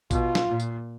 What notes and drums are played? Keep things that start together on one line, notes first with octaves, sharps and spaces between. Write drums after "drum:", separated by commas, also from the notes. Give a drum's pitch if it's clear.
B2 F4, drum: kick A1, tambourine
drum: snare
A#2
drum: tambourine